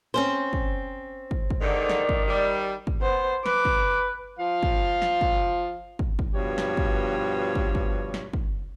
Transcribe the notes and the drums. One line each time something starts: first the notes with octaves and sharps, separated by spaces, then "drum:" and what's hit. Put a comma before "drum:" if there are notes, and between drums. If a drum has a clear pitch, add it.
C4 C#4 C5
drum: kick
drum: kick
drum: kick
G#2 D3 D#3 D5
drum: snare
drum: kick
G3 D5
drum: kick
B3 C5
B4 D6, drum: snare
drum: kick
F3 F5
drum: kick
drum: snare
drum: kick
drum: kick
drum: kick
G2 B2 F3 G4 C#5
drum: snare
drum: kick
drum: kick
drum: kick
drum: snare
drum: kick